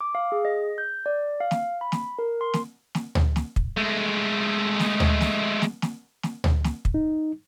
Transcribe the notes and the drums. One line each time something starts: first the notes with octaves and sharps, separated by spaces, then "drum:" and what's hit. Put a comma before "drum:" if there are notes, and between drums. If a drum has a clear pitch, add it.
D6
F5
G#4
D#5
G6
D5
F5
drum: snare
B5
drum: snare
A#4
C6
drum: snare
drum: snare
drum: tom D2
drum: snare
drum: kick
G#3 A3
drum: snare
drum: tom D2
drum: snare
drum: snare
drum: snare
drum: snare
drum: tom D2
drum: snare
drum: kick
D#4